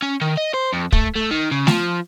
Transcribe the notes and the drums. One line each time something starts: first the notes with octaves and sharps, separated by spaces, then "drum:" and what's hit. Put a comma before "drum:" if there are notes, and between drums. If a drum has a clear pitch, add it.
C#4
D#3
D#5
C5
F2
A3, drum: kick
A3
D#3
C#3
F3, drum: snare A3